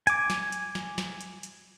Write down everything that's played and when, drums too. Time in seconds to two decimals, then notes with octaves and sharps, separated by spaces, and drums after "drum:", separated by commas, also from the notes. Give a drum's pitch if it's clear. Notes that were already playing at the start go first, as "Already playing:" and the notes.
0.07 G#5 D6, drum: hi-hat
0.30 drum: snare
0.52 drum: hi-hat
0.75 drum: snare
0.98 drum: snare
1.21 drum: hi-hat
1.43 drum: hi-hat